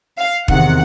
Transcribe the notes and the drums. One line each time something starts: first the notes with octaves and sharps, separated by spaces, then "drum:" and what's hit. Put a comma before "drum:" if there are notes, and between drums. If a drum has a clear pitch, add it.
F5
E2 C3 D#3 F#5, drum: kick